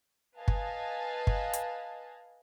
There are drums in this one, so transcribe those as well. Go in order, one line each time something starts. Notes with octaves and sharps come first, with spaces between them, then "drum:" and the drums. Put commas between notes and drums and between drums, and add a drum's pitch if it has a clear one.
B4 D#5 F5 G#5 A5
drum: kick
drum: kick
drum: hi-hat